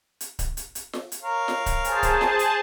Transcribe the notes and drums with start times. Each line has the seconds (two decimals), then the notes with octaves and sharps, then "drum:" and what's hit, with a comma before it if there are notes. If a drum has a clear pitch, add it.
0.21 drum: hi-hat
0.39 drum: kick C#1, hi-hat
0.57 drum: hi-hat
0.75 drum: hi-hat
0.93 drum: snare
1.12 drum: hi-hat
1.23 A#4 C#5 F5
1.48 drum: snare
1.66 drum: kick C#1, hi-hat
1.84 G#4 C5 A5, drum: hi-hat
2.03 drum: kick C#1, hi-hat
2.21 drum: snare
2.39 drum: hi-hat